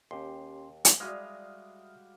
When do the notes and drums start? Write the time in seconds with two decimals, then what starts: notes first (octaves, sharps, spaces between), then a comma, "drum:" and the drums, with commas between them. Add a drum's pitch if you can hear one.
0.11 D#2 C#4 G4 C6
0.85 drum: hi-hat
1.00 G3 G#3 F#4 E5 F5 D#6 F6